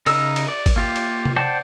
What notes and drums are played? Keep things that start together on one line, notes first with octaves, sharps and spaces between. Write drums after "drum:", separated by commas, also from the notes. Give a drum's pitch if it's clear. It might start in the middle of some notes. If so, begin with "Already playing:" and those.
C#3 D#4 A#4 E6, drum: cymbal
drum: cymbal
D5
drum: kick, cymbal
A#3 F4 G4
drum: cymbal
drum: tom C3
C5 D5 F#5 G5 A5